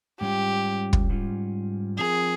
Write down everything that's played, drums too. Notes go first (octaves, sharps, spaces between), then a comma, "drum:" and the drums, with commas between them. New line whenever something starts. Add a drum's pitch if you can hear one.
G#2 G3 C#4 F4 G4
drum: kick
G#2 G3 C#4 F4
F3 C4 F4 G#4 A#4